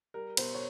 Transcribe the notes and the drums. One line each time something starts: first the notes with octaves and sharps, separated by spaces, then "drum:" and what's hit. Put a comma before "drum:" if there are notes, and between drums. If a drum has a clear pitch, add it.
G3 A#4
B2 C5, drum: cymbal
C#5